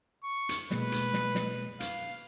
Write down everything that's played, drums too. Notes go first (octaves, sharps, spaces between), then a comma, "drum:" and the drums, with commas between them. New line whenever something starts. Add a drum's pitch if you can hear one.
C#6
drum: hi-hat
B2 G#3 A#3 B4, drum: snare
drum: hi-hat
drum: snare
drum: snare
F5, drum: hi-hat